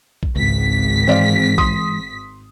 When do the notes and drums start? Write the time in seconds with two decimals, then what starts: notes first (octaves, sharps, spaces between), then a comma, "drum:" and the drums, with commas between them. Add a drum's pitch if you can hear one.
0.23 drum: kick A#1
0.36 G#1 C#2 B6
1.07 E3 G#3 C4 D5 F5
1.58 C6 D#6, drum: kick A#1